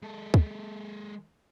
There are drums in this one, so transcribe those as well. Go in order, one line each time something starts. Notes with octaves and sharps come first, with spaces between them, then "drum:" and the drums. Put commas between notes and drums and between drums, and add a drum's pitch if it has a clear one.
G#3 A4
drum: kick